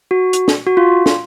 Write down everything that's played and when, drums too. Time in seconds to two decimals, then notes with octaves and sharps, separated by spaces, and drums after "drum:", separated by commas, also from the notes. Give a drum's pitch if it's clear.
0.11 F#4
0.33 drum: hi-hat
0.48 drum: snare
0.67 F#4
0.77 F4
1.06 drum: snare